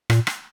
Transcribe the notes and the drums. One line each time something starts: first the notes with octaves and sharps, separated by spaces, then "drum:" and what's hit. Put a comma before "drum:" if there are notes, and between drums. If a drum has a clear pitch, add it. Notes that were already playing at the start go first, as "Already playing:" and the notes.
A#2, drum: rim click
drum: rim click